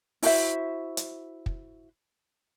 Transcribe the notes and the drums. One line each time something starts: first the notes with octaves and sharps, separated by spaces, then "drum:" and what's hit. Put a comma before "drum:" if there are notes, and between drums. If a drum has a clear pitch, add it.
E4 F#4 C5 E5, drum: open hi-hat
drum: hi-hat
drum: kick